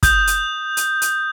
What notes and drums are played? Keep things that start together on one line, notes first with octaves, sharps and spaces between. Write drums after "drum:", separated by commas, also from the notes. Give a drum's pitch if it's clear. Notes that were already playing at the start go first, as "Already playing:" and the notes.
D#6 G6, drum: kick, hi-hat
drum: hi-hat
drum: hi-hat
drum: hi-hat